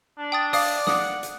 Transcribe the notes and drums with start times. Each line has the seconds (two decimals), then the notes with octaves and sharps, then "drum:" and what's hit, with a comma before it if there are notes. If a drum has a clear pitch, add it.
0.18 D4
0.32 G5 D#6 A6
0.53 D5 F5 D#6, drum: open hi-hat
0.87 F#5 D#6, drum: snare
1.23 drum: hi-hat